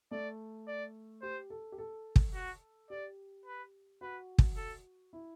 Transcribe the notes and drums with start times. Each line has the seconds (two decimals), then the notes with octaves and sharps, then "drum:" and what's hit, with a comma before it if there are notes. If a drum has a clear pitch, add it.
0.11 A3 D5
0.68 D5
1.22 G4 C5
1.50 A4
1.72 G4
1.78 A4
2.16 drum: kick
2.34 F#4
2.90 G4 D5
3.46 B4
4.01 F#4 B4
4.38 drum: kick
4.57 A4
5.13 E4